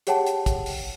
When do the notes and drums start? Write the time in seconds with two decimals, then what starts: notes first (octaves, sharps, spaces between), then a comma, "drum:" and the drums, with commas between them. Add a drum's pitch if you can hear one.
0.07 G4 G#4 C#5 F#5 G5 A5, drum: hi-hat
0.27 drum: hi-hat
0.46 drum: kick, hi-hat
0.66 drum: open hi-hat